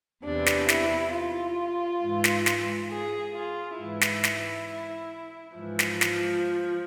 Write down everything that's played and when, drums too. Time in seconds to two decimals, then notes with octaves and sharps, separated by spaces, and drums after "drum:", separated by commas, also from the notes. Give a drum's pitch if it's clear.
0.24 E2 C3 E3 D4
0.46 drum: snare
0.69 E4, drum: snare
1.13 F4
2.02 G#2 E3
2.24 drum: snare
2.46 drum: snare
2.91 G#4
3.34 F4
3.79 G#2 E3 E4
4.01 drum: snare
4.24 drum: snare
5.57 G#2 E3 F3
5.79 drum: snare
6.01 drum: snare